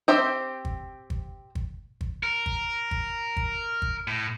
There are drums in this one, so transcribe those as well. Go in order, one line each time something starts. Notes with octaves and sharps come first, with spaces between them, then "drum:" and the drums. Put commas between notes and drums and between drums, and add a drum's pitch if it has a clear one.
C4 G4 C5 E5 G5
drum: kick
drum: kick
drum: kick
drum: kick
A#4
drum: kick
drum: kick
drum: kick
drum: kick
A2